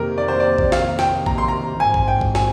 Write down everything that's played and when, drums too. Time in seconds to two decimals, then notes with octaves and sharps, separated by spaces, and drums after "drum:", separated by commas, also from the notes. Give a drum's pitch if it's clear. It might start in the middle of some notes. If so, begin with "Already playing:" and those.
Already playing: F2 C3 D#3 A#3 G4 A#4
0.18 D5
0.28 C5
0.40 D5
0.58 drum: kick
0.72 F5, drum: snare
0.99 G5, drum: snare
1.26 A#5, drum: kick
1.38 C6
1.48 A#5
1.80 G#1 G#2 F3 C4 G#5
1.94 drum: kick
2.08 G5
2.21 drum: kick
2.35 G#5, drum: snare